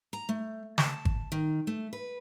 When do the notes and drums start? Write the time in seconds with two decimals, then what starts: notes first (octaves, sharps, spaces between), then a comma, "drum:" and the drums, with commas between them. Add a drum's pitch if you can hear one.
0.13 A#5
0.29 A3
0.78 A5, drum: snare
1.05 drum: kick G#1
1.32 D#3
1.67 A3
1.93 B4